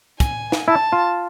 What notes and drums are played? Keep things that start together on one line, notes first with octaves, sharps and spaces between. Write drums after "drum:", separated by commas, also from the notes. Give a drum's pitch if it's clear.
G#5, drum: kick, hi-hat
drum: snare
E4 A5
F4